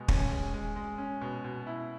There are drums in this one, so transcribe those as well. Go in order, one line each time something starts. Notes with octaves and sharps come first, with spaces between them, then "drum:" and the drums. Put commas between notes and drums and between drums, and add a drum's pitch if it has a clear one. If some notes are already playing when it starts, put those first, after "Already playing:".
Already playing: B2 G#3
C#4, drum: kick
G#3
G#3
G#3
C#4
B2
B2
E4